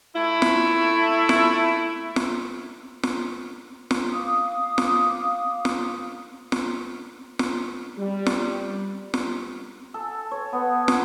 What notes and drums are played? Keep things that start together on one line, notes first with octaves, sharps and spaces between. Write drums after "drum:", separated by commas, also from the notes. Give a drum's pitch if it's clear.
A3 E4
drum: snare
drum: snare
drum: snare
drum: snare
drum: snare
F5 D6 D#6
drum: snare
drum: snare
drum: snare
drum: snare
G3
drum: snare
drum: snare
A4
C#5
B3
drum: snare